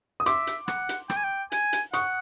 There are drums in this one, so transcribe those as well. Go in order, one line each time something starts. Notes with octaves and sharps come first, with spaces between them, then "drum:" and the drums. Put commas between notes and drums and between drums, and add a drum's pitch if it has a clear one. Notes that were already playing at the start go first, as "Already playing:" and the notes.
D#6
E5 C6 D6, drum: hi-hat
drum: hi-hat
F#5, drum: rim click
drum: hi-hat
G5, drum: rim click
G#5
G5
G#5, drum: hi-hat
drum: hi-hat
F#5 C#6 D#6, drum: hi-hat